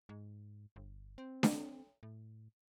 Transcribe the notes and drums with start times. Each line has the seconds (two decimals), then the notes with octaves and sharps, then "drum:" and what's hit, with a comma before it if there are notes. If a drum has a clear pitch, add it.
0.09 G#2
0.76 G1
1.18 C4
1.43 drum: snare D4
2.03 A2